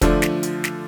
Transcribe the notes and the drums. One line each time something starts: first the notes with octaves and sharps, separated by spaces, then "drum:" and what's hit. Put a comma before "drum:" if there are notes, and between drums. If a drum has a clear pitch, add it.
D3 F3 A3 D4, drum: kick, hi-hat
drum: snare
drum: hi-hat
drum: snare